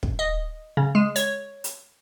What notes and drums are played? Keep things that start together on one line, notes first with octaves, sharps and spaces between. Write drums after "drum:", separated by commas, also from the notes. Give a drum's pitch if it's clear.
drum: kick
D#5
C#3
G#3
C#5, drum: hi-hat
drum: hi-hat